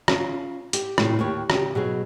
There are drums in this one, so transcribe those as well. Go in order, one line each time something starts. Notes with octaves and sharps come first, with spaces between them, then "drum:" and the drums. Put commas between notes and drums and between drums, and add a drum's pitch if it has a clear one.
C#4 F4, drum: rim click
G4, drum: hi-hat
A2 C3 E4, drum: rim click
D#2 G4 C#5
C#3 G4, drum: rim click
B2 F#3 G#4